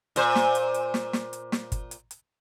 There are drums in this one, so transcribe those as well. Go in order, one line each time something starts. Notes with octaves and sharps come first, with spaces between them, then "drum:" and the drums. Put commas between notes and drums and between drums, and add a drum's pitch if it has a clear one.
A#2 C5, drum: hi-hat
drum: snare
drum: hi-hat
drum: hi-hat
drum: snare
drum: snare
drum: hi-hat
drum: snare
drum: kick G1, hi-hat
drum: hi-hat
drum: hi-hat